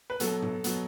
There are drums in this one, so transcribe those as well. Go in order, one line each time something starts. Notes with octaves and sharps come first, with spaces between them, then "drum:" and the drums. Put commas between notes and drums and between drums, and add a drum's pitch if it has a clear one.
B4
B2 F#3 B3 A4, drum: hi-hat
drum: tom
B2 F#3 B3, drum: hi-hat